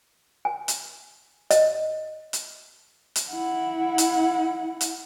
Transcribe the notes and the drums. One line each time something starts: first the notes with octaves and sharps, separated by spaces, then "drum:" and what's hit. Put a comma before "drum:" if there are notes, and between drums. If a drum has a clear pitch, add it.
G#5
drum: hi-hat
D#5, drum: hi-hat
drum: hi-hat
drum: hi-hat
E4 F#5
drum: hi-hat
drum: hi-hat